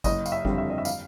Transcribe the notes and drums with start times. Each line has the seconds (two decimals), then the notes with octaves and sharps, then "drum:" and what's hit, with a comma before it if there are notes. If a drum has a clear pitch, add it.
0.04 F#1 D#5, drum: kick G1, tambourine
0.26 F5, drum: tambourine
0.32 E5
0.45 F2 D3 G3 C4, drum: kick G1
0.58 E5
0.70 D#5
0.78 E5
0.85 F5, drum: tambourine